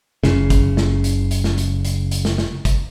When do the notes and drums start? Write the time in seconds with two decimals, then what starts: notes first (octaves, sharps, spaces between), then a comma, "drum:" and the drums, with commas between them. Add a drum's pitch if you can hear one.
0.24 F#1 C#3, drum: snare
0.50 drum: kick, hi-hat
0.77 drum: snare
1.04 drum: hi-hat
1.31 drum: hi-hat
1.44 drum: snare
1.58 drum: hi-hat
1.85 drum: hi-hat
2.11 drum: hi-hat
2.25 drum: snare
2.38 drum: snare
2.65 drum: kick, hi-hat